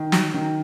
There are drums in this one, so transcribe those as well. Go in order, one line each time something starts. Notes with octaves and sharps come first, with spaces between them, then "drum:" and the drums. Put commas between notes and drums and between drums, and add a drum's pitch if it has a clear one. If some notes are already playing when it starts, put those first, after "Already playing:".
Already playing: D#3
F#3, drum: snare
D#3